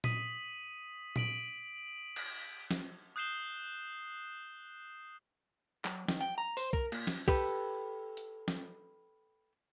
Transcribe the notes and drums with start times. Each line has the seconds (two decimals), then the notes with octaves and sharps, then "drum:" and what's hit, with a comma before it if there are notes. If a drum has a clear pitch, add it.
0.04 D#6 B6 D#7, drum: tom A#2
1.16 B6 D7 F#7, drum: tom A#2
2.16 drum: cymbal
2.71 drum: snare
3.16 D#6 F#6 G6 C7 E7 G7
5.85 F#3, drum: clap
6.08 D#3, drum: snare
6.21 G5
6.38 A#5
6.57 C5, drum: tambourine
6.73 A#4, drum: kick B1
6.92 A#2, drum: cymbal
7.07 drum: snare
7.28 G4 A4 B4, drum: kick B1
8.17 drum: hi-hat
8.48 drum: snare